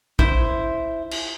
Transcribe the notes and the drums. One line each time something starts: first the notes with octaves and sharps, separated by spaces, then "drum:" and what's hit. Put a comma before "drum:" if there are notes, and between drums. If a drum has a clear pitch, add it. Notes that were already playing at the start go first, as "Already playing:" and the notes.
E4 C5, drum: kick
drum: cymbal